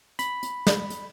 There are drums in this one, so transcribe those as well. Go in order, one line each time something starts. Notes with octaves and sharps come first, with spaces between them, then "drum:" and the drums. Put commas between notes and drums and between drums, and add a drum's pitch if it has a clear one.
B5, drum: hi-hat
drum: hi-hat
drum: snare
drum: hi-hat